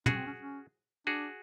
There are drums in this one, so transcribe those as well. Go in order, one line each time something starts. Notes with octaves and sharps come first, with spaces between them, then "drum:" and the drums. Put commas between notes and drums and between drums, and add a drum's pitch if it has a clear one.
C#4 F#4 G#4, drum: tom
C4
C#4
C#4
D4 F#4 G#4